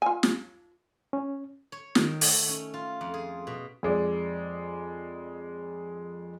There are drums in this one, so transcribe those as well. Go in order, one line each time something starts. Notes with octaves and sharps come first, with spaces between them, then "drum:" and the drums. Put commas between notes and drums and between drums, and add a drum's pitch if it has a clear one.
F4 G#5
drum: snare
C#4
C#5
D#3, drum: snare
A3, drum: open hi-hat
C#4
F4
F2
G#4
B2
F2 G#3 D5